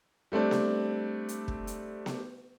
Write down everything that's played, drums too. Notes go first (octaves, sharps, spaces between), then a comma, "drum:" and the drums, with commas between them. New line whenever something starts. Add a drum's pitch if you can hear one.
G3 A3 C4 D4
drum: snare B3
drum: hi-hat
drum: kick
drum: hi-hat
drum: snare B3